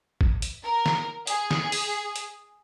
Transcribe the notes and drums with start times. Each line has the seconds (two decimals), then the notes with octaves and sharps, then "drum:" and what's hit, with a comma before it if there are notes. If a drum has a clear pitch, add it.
0.21 drum: kick A1
0.42 drum: hi-hat
0.64 A#4
0.86 drum: snare
1.27 G#4, drum: hi-hat
1.51 drum: snare
1.72 drum: open hi-hat
2.16 drum: hi-hat